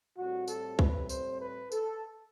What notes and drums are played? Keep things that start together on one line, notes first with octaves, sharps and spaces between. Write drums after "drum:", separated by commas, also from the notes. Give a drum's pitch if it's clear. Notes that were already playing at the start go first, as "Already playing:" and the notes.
A2 G3 C4 F#4
A4, drum: tambourine
B4, drum: kick C2
C5, drum: tambourine
B4
A4, drum: tambourine